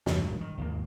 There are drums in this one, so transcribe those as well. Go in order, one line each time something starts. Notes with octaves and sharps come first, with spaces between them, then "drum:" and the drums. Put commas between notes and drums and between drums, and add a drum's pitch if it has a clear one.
E2 G2 C3, drum: snare
A#1 G2 G#3
D#3
G#1 D#2 A#3